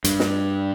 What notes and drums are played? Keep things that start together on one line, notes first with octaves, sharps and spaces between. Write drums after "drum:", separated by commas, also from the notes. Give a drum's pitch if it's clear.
G2, drum: hi-hat
drum: snare